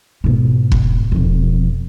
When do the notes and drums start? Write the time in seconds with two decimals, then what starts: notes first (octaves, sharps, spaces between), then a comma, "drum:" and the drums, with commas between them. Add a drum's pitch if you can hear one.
0.24 G#2 B2
0.72 drum: kick
1.12 E1 F2